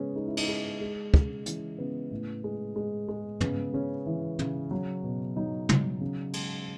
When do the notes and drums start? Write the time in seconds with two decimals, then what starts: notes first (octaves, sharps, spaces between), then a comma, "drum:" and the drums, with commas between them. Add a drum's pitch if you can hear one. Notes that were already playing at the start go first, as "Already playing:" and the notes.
Already playing: C#3 G#3 B3 C#4
0.16 G#3 D#4
0.26 E4
0.37 D#4, drum: cymbal
0.48 G#3 D#4
0.81 G#3
1.14 C#3, drum: kick
1.46 E3 C#4, drum: hi-hat
1.78 C#3 B3
2.11 A2
2.44 G#3
2.76 G#3
3.09 G#3
3.41 C#3 B3, drum: tom
3.73 C#3 C#4
4.06 E3
4.39 C#3, drum: tom
4.71 F#3
5.04 B2
5.36 F#3 D#4
5.69 F#3, drum: tom
6.01 C#3
6.33 G#3, drum: cymbal